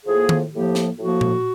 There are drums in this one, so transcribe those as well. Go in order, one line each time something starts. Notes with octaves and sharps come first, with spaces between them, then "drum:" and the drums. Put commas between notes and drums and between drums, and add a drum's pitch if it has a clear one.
A2 F3 A#3 G#4
drum: tom D#3
A2 F3 A#3 G4
drum: snare
A2 F3 A#3 F#4
drum: tom A#2